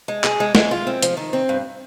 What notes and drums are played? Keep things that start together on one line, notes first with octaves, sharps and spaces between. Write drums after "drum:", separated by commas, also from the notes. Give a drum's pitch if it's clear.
G#3
G#4, drum: clap
G#3
G#3, drum: snare
F4
C4
F3, drum: hi-hat
D#3
C4
G2